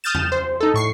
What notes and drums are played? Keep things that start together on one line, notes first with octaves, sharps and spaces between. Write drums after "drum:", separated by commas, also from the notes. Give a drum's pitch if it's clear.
D#6 F6 G6 A6 E7
drum: tom E2
C5
D#4 A4
A2 C#6 C7